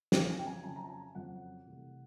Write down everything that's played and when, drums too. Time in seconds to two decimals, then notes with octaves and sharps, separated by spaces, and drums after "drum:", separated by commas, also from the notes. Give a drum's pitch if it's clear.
0.12 F2 C#3 F#3 G5, drum: snare
0.30 G#5
0.39 G5
0.47 G#5
0.64 F2 C#3 F#3 A5
0.76 A#5
0.84 A5
0.89 G#5
1.15 F2 C#3 F#3 F#5
1.66 C2 C3 E3 A3